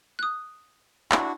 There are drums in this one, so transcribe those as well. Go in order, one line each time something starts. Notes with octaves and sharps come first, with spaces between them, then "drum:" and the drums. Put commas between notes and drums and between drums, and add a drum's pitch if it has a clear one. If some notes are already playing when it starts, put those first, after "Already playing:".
D#6 F#6
D4 E4 F#4, drum: clap